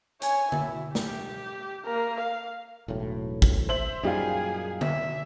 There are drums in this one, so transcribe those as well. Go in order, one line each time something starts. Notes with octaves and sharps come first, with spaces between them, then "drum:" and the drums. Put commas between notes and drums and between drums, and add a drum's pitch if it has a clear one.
C#5 G#5, drum: hi-hat
E4, drum: tom D3
G4, drum: snare
A#3 A#4
F5
E1 B1 A2
drum: kick
C5 E5 F#7
F#2 A#2 G3 D#4 G4 G#4 F5
E5, drum: tom D3